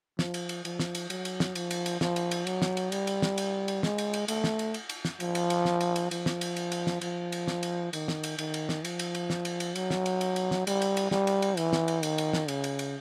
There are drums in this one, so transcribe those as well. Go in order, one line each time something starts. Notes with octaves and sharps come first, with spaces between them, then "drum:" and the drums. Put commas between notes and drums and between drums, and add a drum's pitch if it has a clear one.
F3, drum: snare
drum: cymbal
drum: cymbal
F3, drum: cymbal
drum: snare
drum: cymbal
F#3, drum: cymbal
drum: cymbal
drum: snare
F3, drum: cymbal
drum: cymbal
drum: cymbal
F3, drum: snare
drum: cymbal
drum: cymbal
F#3, drum: cymbal
drum: snare
drum: cymbal
G3, drum: cymbal
drum: cymbal
drum: snare
drum: cymbal
drum: cymbal
G#3, drum: snare
drum: cymbal
drum: cymbal
A3, drum: cymbal
drum: snare
drum: cymbal
drum: cymbal
drum: cymbal
drum: snare
F3, drum: cymbal
drum: cymbal
drum: cymbal
drum: snare
drum: cymbal
drum: cymbal
F3, drum: cymbal
drum: snare
drum: cymbal
drum: cymbal
drum: cymbal
drum: snare
F3, drum: cymbal
drum: cymbal
drum: snare
drum: cymbal
D#3, drum: cymbal
drum: snare
drum: cymbal
D#3, drum: cymbal
drum: cymbal
drum: snare
F3, drum: cymbal
drum: cymbal
drum: cymbal
drum: snare
drum: cymbal
drum: cymbal
F#3, drum: cymbal
drum: snare
drum: cymbal
drum: cymbal
drum: cymbal
drum: snare
G3, drum: cymbal
drum: cymbal
drum: cymbal
G3, drum: snare
drum: cymbal
drum: cymbal
E3, drum: cymbal
drum: snare
drum: cymbal
D#3, drum: cymbal
drum: cymbal
drum: snare
C#3, drum: cymbal
drum: cymbal
drum: cymbal